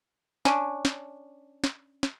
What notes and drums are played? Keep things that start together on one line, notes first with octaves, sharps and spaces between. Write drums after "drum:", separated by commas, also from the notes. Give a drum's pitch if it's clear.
C#4 D4, drum: snare
drum: snare
drum: snare
drum: snare